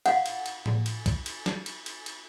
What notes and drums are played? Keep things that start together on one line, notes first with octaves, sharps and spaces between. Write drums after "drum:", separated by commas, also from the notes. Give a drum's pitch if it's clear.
F5 F#5, drum: cymbal
drum: cymbal
drum: cymbal
drum: tom A2
drum: cymbal
drum: kick B1, cymbal
drum: cymbal
drum: snare
drum: cymbal
drum: cymbal
drum: cymbal